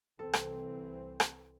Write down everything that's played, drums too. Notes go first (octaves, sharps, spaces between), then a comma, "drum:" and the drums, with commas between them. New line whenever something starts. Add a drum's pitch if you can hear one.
C2 E3 C4 A4
drum: rim click
drum: rim click